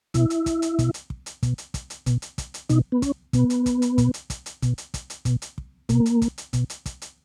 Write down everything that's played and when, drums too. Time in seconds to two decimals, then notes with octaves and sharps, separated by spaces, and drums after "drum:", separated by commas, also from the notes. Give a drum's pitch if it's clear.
0.14 B2 E4, drum: kick, hi-hat
0.30 drum: hi-hat
0.46 drum: kick, hi-hat
0.62 drum: hi-hat
0.79 B2, drum: kick, hi-hat
0.94 drum: hi-hat
1.10 drum: kick
1.26 drum: hi-hat
1.43 B2, drum: kick, hi-hat
1.58 drum: hi-hat
1.74 drum: kick, hi-hat
1.90 drum: hi-hat
2.06 B2, drum: kick, hi-hat
2.22 drum: hi-hat
2.38 drum: kick, hi-hat
2.54 drum: hi-hat
2.69 B2 D#4, drum: kick, hi-hat
2.92 B3
3.02 C#4, drum: kick, hi-hat
3.33 B2 B3, drum: kick, hi-hat
3.50 drum: hi-hat
3.66 drum: kick, hi-hat
3.82 drum: hi-hat
3.98 B2, drum: kick, hi-hat
4.14 drum: hi-hat
4.30 drum: kick, hi-hat
4.46 drum: hi-hat
4.62 B2, drum: kick, hi-hat
4.78 drum: hi-hat
4.94 drum: kick, hi-hat
5.10 drum: hi-hat
5.25 B2, drum: kick, hi-hat
5.42 drum: hi-hat
5.58 drum: kick
5.89 B2 A#3, drum: kick, hi-hat
6.06 drum: hi-hat
6.22 drum: kick, hi-hat
6.38 drum: hi-hat
6.53 B2, drum: kick, hi-hat
6.70 drum: hi-hat
6.86 drum: kick, hi-hat
7.02 drum: hi-hat